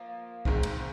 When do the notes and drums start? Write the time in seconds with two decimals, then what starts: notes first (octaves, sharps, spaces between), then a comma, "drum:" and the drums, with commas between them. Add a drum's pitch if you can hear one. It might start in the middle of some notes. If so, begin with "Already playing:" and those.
Already playing: F3 A#3
0.45 G#1 G#2 D#3 G#3 C4, drum: kick
0.63 drum: cymbal